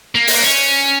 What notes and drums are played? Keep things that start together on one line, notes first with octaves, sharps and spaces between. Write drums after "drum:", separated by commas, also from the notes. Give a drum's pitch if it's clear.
A#3
drum: open hi-hat
C#4